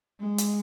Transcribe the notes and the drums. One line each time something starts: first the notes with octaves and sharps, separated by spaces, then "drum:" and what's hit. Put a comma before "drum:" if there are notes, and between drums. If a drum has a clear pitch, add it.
G#3
drum: hi-hat